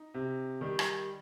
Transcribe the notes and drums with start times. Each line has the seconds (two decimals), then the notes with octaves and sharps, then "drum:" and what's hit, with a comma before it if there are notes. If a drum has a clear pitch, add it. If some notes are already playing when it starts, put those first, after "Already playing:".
Already playing: D#4
0.14 C3
0.61 D#3 G3
0.79 drum: rim click